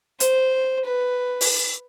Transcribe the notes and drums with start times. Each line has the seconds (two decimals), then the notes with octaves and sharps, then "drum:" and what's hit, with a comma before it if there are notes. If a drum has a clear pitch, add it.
0.20 C5, drum: hi-hat
0.85 B4
1.41 drum: open hi-hat